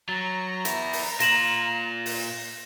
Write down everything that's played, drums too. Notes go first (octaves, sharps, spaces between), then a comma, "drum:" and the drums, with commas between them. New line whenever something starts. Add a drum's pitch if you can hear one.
F#3 A#5 A6
B3 E4, drum: hi-hat
drum: open hi-hat
A#2 F4 A#6 E7 F#7, drum: hi-hat
drum: open hi-hat